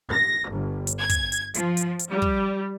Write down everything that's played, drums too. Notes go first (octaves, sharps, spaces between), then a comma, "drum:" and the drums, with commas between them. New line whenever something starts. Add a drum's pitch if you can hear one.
A#6
G1
drum: hi-hat
G#6
drum: kick, hi-hat
drum: hi-hat
F3, drum: hi-hat
drum: hi-hat
drum: hi-hat
G3
drum: kick